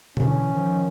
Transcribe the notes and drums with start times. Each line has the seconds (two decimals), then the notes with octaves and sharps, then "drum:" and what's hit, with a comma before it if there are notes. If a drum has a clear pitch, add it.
0.17 D3 E3 C#4, drum: tom B2
0.50 D#3 F3